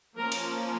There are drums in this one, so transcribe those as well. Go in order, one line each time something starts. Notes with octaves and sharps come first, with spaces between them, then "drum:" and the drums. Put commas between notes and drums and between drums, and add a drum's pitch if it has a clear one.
F3 A#3 C#4 A#4
drum: cymbal